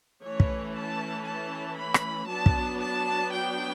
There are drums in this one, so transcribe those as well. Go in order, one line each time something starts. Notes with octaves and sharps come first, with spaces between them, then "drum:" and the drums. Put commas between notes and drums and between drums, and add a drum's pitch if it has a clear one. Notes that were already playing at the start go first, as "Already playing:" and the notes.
E3 A3 C#4 C#5
drum: kick
A5
A5
B5
drum: rim click
F#3 B3 D4 A5
drum: kick
A5
G5